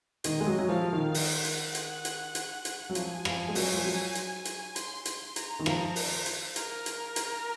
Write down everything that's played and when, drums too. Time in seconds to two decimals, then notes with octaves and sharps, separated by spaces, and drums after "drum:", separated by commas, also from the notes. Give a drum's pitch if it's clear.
0.24 D#3 D#5, drum: hi-hat
0.40 G#3
0.47 F#3
0.59 F#3
0.69 F3 F5
0.93 D#3
1.14 F#5, drum: open hi-hat
1.45 drum: hi-hat
1.75 drum: hi-hat
2.05 drum: hi-hat
2.35 drum: hi-hat
2.65 drum: hi-hat
2.90 F#3
2.95 F3 G#5, drum: hi-hat
3.25 F3, drum: rim click
3.48 G#3
3.55 F#3, drum: open hi-hat
3.74 F3
3.85 F#3
4.15 drum: hi-hat
4.45 drum: hi-hat
4.76 C6, drum: hi-hat
5.05 C6, drum: hi-hat
5.36 A#5, drum: hi-hat
5.59 D#3
5.66 F3 A#5, drum: rim click
5.96 drum: open hi-hat
6.26 drum: hi-hat
6.56 A#4, drum: hi-hat
6.86 drum: hi-hat
7.16 drum: hi-hat